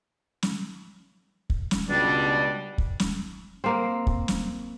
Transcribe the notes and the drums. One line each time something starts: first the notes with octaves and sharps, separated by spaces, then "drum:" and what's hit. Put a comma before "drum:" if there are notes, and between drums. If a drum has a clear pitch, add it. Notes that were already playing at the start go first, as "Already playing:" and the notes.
drum: snare
drum: kick
drum: snare
C#2 B2 G3 D4
drum: kick
drum: snare
A#3 C4
drum: kick
drum: snare